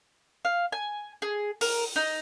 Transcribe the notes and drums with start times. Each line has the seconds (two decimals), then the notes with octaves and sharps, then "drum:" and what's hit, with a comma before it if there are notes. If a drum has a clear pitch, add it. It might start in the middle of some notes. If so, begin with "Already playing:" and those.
0.45 F5
0.72 G#5
1.22 G#4
1.61 A#4, drum: open hi-hat
1.96 D#4